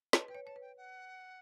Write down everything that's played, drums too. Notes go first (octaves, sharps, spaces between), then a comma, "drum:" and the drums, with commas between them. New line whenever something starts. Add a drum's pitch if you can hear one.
B4 A5, drum: snare
B4 G5
C#5
C#5 A5
B4
G5
F#5